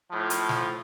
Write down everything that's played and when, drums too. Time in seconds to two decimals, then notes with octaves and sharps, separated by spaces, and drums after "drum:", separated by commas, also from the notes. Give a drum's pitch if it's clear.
0.11 A2 F3
0.30 drum: hi-hat
0.49 drum: snare